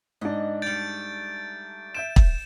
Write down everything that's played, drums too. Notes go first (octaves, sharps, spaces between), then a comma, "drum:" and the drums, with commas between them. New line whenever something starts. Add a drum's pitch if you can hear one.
G#2 D4 D#5
G3 A3 G6 A6 D7
E5 G6 D7 E7
drum: kick